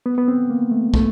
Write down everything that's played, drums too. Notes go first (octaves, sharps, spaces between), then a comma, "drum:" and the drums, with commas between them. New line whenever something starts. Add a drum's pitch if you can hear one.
B3
B3
C4
A#3
A3
A3, drum: kick